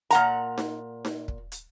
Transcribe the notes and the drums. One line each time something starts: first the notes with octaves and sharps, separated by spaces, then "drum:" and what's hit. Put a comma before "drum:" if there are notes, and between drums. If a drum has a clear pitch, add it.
A#2 F#5 A#5, drum: hi-hat
drum: snare D#4
drum: snare D#4
drum: kick
drum: hi-hat